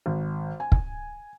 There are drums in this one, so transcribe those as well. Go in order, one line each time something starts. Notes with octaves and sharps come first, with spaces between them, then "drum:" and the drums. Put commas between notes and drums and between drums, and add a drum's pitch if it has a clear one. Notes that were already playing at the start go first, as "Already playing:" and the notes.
G#1
G#5
drum: kick